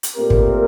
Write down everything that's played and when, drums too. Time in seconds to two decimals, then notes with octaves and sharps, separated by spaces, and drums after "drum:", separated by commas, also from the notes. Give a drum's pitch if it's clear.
0.03 drum: hi-hat
0.15 A#2 A3 C4 G4 A#4
0.30 drum: kick